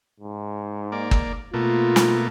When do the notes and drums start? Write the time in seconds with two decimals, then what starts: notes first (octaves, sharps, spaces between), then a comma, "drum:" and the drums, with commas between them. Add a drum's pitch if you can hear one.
0.20 G#2
0.92 A#3 D5
1.11 drum: kick
1.54 B2 A3 A#3 F4
1.96 drum: snare